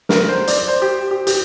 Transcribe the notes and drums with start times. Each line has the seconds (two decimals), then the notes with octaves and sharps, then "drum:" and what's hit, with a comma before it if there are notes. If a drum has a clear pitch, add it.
0.09 A#4, drum: snare
0.28 C5
0.47 D5, drum: hi-hat
0.68 C5
0.82 G4
1.11 G4
1.27 G4, drum: hi-hat